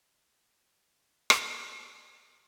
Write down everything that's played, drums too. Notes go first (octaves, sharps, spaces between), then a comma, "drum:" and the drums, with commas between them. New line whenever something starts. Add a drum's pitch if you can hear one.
F#3
drum: rim click
F3
E3